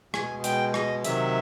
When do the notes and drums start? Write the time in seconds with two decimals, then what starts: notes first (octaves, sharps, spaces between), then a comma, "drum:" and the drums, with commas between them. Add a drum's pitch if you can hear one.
0.14 B2 G#3 G#5, drum: rim click
0.44 G5, drum: hi-hat
0.74 D#5, drum: rim click
1.04 C3 D#3 F#3 E5, drum: hi-hat